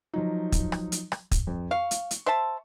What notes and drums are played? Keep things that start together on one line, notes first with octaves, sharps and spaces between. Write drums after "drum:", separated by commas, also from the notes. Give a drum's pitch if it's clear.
F3 F#3 D#4
drum: kick, hi-hat
drum: rim click
drum: hi-hat
drum: rim click
drum: kick, hi-hat
F2
F5 C#6
drum: hi-hat
drum: hi-hat
C5 E5 A5